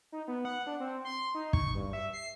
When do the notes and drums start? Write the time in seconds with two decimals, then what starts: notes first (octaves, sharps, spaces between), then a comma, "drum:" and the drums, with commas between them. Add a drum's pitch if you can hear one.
0.12 D#4
0.28 B3
0.45 F#5
0.67 D4
0.80 C4
1.05 C6
1.35 D#4
1.53 C#6, drum: kick
1.75 G2
1.93 E5
2.13 C7